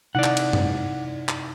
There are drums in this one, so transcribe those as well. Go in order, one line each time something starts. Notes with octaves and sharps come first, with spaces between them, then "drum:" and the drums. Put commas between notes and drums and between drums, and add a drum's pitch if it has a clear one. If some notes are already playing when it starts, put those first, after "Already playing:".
C3 D#4 E4 D5 F#5
drum: clap
drum: cymbal
drum: tom F#2
drum: clap